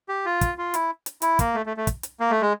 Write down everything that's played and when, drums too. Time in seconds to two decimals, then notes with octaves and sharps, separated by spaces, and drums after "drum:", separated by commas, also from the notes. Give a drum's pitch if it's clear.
0.09 G4
0.26 F4
0.41 drum: kick, hi-hat
0.58 F4
0.74 E4, drum: hi-hat
1.06 drum: hi-hat
1.22 E4, drum: hi-hat
1.39 A#3, drum: kick, hi-hat
1.54 A3
1.66 A3
1.77 A3
1.87 drum: kick, hi-hat
2.03 drum: hi-hat
2.20 A#3
2.31 A3
2.42 G#3